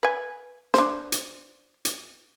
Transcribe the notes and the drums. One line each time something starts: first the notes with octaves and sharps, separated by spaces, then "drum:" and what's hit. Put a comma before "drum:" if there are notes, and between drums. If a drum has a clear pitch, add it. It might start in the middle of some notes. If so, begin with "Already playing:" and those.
B4 G#5
D4 C5, drum: snare
drum: hi-hat
drum: hi-hat